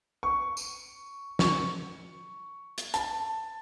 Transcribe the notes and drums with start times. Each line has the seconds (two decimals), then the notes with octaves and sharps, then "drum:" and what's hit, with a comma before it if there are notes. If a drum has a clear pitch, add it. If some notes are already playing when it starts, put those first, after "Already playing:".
0.23 C#6
0.57 drum: tambourine
1.39 C#6, drum: snare
2.78 drum: hi-hat
2.94 A5, drum: hi-hat